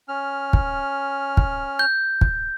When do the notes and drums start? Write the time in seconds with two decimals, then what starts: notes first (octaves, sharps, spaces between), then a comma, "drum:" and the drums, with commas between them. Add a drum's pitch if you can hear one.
0.09 C#4 F6
0.53 drum: kick
1.37 drum: kick
1.79 G6
2.21 drum: kick